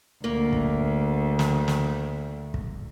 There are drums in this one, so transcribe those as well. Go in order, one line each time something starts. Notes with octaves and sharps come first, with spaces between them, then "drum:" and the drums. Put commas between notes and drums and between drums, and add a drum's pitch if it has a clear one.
D2 A#3
drum: kick
drum: snare
drum: snare
drum: kick